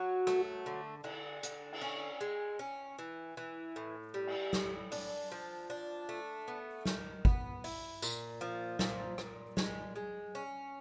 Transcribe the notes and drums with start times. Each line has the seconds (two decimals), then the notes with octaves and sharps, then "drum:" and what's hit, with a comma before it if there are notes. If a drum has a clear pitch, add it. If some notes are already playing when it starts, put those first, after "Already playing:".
Already playing: F#3 F#4
0.27 A3, drum: rim click
0.66 D3
1.04 D3, drum: cymbal
1.43 D3, drum: hi-hat
1.72 drum: cymbal
1.81 C#4
2.21 G#3
2.59 C#4
2.99 E3
3.37 E3
3.76 A2
4.14 G3
4.27 drum: cymbal
4.53 A2, drum: snare
4.92 D4, drum: open hi-hat
5.32 F3
5.70 D4
6.09 A3
6.48 B3
6.86 D#3, drum: snare
7.25 B3, drum: kick
7.64 E4, drum: open hi-hat
8.02 A#2, drum: tambourine
8.41 F3
8.79 A#2, drum: snare
9.18 A#2, drum: rim click
9.57 G#3, drum: snare
9.96 G#3
10.35 C#4